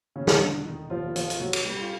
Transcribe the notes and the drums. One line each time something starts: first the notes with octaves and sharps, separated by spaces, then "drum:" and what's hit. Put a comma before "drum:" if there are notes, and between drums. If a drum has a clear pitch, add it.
C#3 C#4
E1, drum: snare
D3 D4
F1 D#3 D#4
F3 F4
F1
F3 F4, drum: hi-hat
drum: hi-hat
C2 F#3 F#4
drum: cymbal
G3 G4
F4